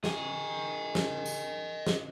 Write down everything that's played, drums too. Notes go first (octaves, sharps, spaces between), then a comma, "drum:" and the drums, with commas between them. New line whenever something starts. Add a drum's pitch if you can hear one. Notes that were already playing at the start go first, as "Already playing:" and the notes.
G#4 D#5 G5, drum: snare
drum: snare
drum: tambourine
drum: snare